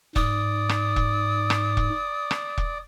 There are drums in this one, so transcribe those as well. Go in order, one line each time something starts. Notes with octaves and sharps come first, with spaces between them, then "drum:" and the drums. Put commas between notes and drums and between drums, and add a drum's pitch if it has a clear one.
G#2 D5 D#6, drum: kick E1
drum: rim click
drum: kick E1
drum: rim click
drum: kick E1
drum: rim click
drum: kick E1